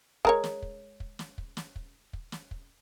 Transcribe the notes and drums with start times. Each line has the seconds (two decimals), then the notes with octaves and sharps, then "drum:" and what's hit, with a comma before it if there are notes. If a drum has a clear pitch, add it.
0.25 G#3 A#4 C#5, drum: kick
0.44 drum: snare
0.62 drum: kick
1.00 drum: kick
1.19 drum: snare
1.38 drum: kick
1.57 drum: snare
1.76 drum: kick
2.13 drum: kick
2.32 drum: snare
2.51 drum: kick